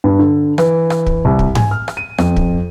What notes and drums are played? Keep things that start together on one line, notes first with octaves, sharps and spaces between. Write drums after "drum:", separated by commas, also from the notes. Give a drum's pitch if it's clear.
G2
D3
E3, drum: rim click
drum: rim click
drum: kick
C2
drum: kick
G#5, drum: tom G#2
F6
drum: rim click
D#7
F2, drum: rim click
drum: kick